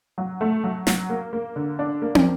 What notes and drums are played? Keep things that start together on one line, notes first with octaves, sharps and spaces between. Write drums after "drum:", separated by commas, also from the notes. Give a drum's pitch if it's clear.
F#3
A3
F#3
F#3, drum: snare
A#3
A#3
D3
D4
A#3
drum: tom